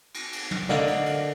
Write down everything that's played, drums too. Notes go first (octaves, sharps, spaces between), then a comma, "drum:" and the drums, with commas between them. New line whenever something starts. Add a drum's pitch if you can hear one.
drum: cymbal
drum: cymbal
drum: tom
D3 A#4 D5 D#5 F5, drum: snare
drum: cymbal
drum: cymbal